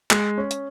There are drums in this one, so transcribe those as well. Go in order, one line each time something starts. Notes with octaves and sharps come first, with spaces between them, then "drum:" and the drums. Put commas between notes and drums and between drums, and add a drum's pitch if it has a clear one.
G#3, drum: clap
C#4
drum: hi-hat